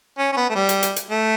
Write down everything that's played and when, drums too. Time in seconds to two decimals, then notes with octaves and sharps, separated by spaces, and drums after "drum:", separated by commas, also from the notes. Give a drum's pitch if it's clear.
0.18 C#4
0.32 C#4
0.37 B3
0.50 A3
0.55 G3
0.69 drum: hi-hat
0.83 drum: hi-hat
0.96 drum: hi-hat
1.10 A3